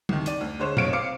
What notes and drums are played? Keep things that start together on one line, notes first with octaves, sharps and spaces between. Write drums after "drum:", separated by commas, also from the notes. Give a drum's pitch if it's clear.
C2 D#3, drum: tom
D5 D#7, drum: hi-hat
D2
D3 G#3 C5 C#5 E7
F1 A#1 F4 C#5 D7 E7, drum: tom
C4 F5 D6 C#7